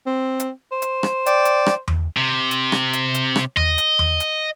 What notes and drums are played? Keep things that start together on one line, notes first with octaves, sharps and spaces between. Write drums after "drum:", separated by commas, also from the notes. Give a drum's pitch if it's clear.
C4
drum: hi-hat
C5
drum: hi-hat
drum: rim click
D5 G5, drum: hi-hat
drum: hi-hat
drum: rim click
drum: tom E2
C3
drum: hi-hat
drum: rim click
drum: hi-hat
drum: hi-hat
drum: rim click
D#5, drum: tom E2
drum: hi-hat
drum: tom E2
drum: hi-hat